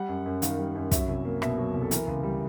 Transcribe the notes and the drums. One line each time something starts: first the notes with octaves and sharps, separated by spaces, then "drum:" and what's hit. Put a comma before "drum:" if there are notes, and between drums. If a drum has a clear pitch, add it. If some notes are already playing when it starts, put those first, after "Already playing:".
Already playing: G3 F#5
F#2
F#2
D#3 F5, drum: hi-hat
G3
F#2
F#3 E5, drum: kick, hi-hat
C2
A#3
B2 E5, drum: rim click
F#3
C2
A4
E3 A#4, drum: hi-hat
C#2
G3